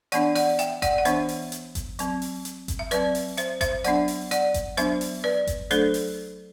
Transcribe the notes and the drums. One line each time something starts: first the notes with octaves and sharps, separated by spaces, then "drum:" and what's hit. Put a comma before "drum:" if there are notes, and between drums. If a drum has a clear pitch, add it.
E3 B3 D4 D5 F#5, drum: hi-hat
D5 F#5, drum: open hi-hat
E5 G5, drum: hi-hat
D5 F#5, drum: kick G1, hi-hat
F#5
E3 B3 D4 C5 E5, drum: hi-hat
drum: open hi-hat
drum: hi-hat
drum: kick G1, hi-hat
F#3 C4, drum: hi-hat
drum: open hi-hat
drum: hi-hat
drum: kick G1, hi-hat
E5
F#3 C4 B4 D5, drum: hi-hat
drum: open hi-hat
C5 E5, drum: hi-hat
C5 E5, drum: kick G1, hi-hat
F#3 B3 D4 D5 F#5, drum: hi-hat
drum: open hi-hat
D5 F#5, drum: hi-hat
drum: kick G1, hi-hat
F#3 B3 D4 C5 E5, drum: hi-hat
drum: open hi-hat
B4 D5
drum: kick G1, hi-hat
F#3 A3 D4 A4 C5, drum: hi-hat
drum: open hi-hat